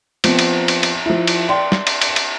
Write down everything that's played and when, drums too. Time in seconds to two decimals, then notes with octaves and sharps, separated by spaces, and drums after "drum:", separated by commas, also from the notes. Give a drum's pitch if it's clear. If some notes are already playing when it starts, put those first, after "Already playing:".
0.24 F3 B3 C4, drum: cymbal
0.39 drum: cymbal
0.68 drum: cymbal
0.83 drum: cymbal
1.06 F3 E4
1.27 drum: cymbal
1.49 D5 G5 C6
1.72 drum: snare
1.87 drum: cymbal
2.01 drum: cymbal
2.16 drum: cymbal